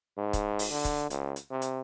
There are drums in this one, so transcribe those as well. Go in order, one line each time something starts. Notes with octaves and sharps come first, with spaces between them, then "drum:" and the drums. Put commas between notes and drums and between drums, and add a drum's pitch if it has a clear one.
G#2
drum: kick, hi-hat
drum: open hi-hat
D3
drum: kick, hi-hat
C#2, drum: hi-hat
drum: hi-hat
C3
drum: hi-hat